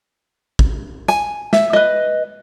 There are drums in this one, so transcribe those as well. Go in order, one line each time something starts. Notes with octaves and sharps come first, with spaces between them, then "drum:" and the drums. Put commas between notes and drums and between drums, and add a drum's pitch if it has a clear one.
drum: kick G#1
G#5, drum: hi-hat
E5, drum: snare
B4 D#5